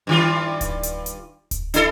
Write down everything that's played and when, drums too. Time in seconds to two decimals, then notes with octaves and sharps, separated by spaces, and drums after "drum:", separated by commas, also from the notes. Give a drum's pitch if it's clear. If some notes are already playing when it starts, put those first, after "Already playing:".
0.07 G2 D#3 F4
0.61 drum: kick D1, hi-hat
0.83 drum: hi-hat
1.06 drum: hi-hat
1.51 drum: kick D1, hi-hat
1.74 D4 E4 A4, drum: hi-hat